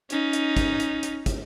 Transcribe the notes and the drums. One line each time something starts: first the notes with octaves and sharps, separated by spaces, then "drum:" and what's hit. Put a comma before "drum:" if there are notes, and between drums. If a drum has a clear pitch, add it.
C#4 D#4, drum: hi-hat
drum: hi-hat
drum: kick, hi-hat
drum: hi-hat
drum: hi-hat
drum: kick, hi-hat